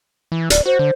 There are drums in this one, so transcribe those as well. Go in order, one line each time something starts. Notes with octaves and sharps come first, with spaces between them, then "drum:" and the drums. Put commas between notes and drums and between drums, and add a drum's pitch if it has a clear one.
E3
D1 D5, drum: hi-hat
F#4 C5
D3